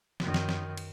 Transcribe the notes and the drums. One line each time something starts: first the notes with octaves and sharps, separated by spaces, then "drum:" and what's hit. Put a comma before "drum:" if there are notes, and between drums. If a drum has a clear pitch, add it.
F#2 D#3, drum: snare
drum: snare
drum: snare
drum: cymbal